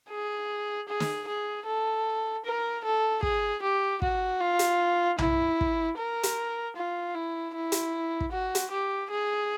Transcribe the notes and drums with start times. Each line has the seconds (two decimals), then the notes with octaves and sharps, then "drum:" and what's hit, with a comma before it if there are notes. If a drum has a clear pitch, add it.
0.10 G#4
0.88 G#4
1.00 drum: snare
1.28 G#4
1.66 A4
2.45 A#4
2.84 A4
3.23 G#4, drum: kick
3.62 G4
4.02 F#4, drum: kick
4.40 F4
4.59 drum: hi-hat
5.18 E4, drum: tom B1
5.61 drum: kick
5.97 A#4
6.23 drum: hi-hat
6.76 F4
7.15 E4
7.54 E4
7.72 drum: hi-hat
8.21 drum: kick
8.32 F#4
8.55 drum: hi-hat
8.71 G4
9.11 G#4